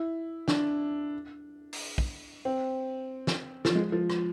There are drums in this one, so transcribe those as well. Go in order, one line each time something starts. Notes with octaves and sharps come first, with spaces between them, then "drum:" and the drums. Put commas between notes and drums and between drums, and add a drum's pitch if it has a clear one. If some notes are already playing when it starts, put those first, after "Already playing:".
Already playing: E4
D4, drum: snare
drum: open hi-hat
drum: kick
C4
drum: snare
F3, drum: snare
G#3
F3
drum: rim click